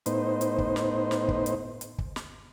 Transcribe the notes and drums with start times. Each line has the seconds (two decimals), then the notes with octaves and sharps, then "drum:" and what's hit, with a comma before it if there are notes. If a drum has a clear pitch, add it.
0.06 A2 B3 D#4 C5, drum: hi-hat
0.41 drum: hi-hat
0.58 drum: kick
0.76 drum: snare
1.11 drum: snare
1.28 drum: kick
1.46 drum: hi-hat
1.81 drum: hi-hat
1.98 drum: kick
2.16 drum: snare